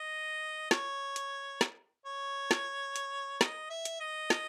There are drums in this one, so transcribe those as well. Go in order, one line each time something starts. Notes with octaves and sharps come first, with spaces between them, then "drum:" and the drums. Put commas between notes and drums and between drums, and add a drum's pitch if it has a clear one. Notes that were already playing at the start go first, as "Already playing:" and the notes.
Already playing: D#5
C#5, drum: snare
drum: hi-hat
drum: snare
C#5
drum: snare
drum: hi-hat
D#5, drum: snare
E5
drum: hi-hat
D#5
drum: snare